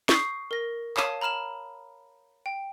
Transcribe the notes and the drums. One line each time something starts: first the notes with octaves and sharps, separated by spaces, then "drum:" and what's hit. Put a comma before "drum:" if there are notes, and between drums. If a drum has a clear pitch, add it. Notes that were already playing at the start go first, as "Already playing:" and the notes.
C#6 D#6 G6 B6 C7, drum: snare
A#4 A#6
C#5 F5 A5 D#6 B6 D#7, drum: clap
A#5 B5 F6 E7 F#7
G5